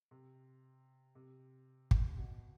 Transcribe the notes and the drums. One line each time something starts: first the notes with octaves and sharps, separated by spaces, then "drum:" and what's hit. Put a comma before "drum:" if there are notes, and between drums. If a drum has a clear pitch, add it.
C3
C3
drum: kick
C3
B2